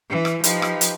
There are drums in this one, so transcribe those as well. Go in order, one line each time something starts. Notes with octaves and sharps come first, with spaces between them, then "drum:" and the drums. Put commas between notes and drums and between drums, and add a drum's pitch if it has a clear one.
E3
drum: rim click
F3 D#4 G4 B4, drum: hi-hat
drum: rim click
drum: hi-hat